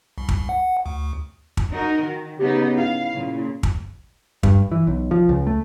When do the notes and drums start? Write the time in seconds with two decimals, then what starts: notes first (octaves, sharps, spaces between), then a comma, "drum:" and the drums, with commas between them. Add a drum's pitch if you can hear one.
0.18 C2
0.29 drum: kick
0.49 F#5
0.86 D2
1.57 drum: kick
1.71 D#4 F#4 A#4
2.02 D#3
2.39 C#3 B3 D#4 G4
2.78 E4 F5
3.12 A#2 C#3
3.63 drum: kick
4.43 G2, drum: kick
4.72 E3
4.87 B1
5.11 F3
5.29 C#2
5.47 A3